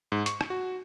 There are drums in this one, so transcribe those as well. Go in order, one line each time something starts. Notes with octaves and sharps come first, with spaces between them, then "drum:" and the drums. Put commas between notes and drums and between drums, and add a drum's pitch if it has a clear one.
G#2
C#6, drum: hi-hat
drum: rim click
F#4